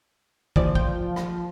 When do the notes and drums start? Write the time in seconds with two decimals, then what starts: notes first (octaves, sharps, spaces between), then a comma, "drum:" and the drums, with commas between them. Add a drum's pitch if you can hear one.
0.56 D#2 E3 F3 D5, drum: kick
0.75 G5, drum: kick
1.16 drum: rim click